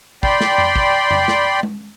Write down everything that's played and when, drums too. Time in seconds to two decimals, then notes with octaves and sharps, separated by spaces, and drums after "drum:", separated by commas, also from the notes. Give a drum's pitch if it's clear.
0.23 D5 G5 B5 C6, drum: kick
0.41 drum: snare
0.58 drum: tom F2
0.76 drum: kick
1.11 drum: tom F2
1.28 drum: snare
1.63 drum: tom G#3